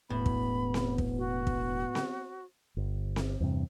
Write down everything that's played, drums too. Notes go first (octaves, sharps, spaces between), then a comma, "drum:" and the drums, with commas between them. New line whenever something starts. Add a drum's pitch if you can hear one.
E1 A2 B3 B5
drum: kick
drum: snare C4
drum: kick
F#4
drum: kick
drum: snare C4
G1
drum: snare C4
E2 G2 C3